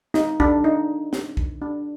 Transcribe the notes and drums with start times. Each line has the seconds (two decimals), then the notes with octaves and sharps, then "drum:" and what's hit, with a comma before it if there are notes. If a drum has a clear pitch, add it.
0.14 D#4, drum: snare
0.40 D4, drum: kick B1
0.64 D#4
1.13 drum: snare
1.37 drum: kick B1
1.62 D4